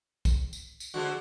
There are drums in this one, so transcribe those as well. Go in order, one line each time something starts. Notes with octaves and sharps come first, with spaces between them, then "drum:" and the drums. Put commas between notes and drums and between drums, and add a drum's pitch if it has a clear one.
drum: kick, tambourine
drum: tambourine
drum: tambourine
D3 F3 G#3 F#4